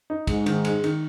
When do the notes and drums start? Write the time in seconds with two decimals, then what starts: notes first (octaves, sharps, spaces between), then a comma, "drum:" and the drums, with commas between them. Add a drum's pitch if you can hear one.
0.10 D#4
0.27 G#2 G#3, drum: kick, cymbal
0.46 D#3, drum: cymbal
0.65 G#3, drum: cymbal
0.84 D#3, drum: cymbal